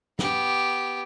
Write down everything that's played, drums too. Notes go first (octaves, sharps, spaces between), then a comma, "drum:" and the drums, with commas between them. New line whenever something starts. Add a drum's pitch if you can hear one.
B3 G4, drum: snare